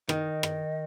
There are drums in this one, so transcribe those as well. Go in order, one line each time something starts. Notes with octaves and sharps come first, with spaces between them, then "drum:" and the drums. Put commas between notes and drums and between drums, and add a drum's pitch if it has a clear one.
D#3 D#5, drum: rim click
drum: rim click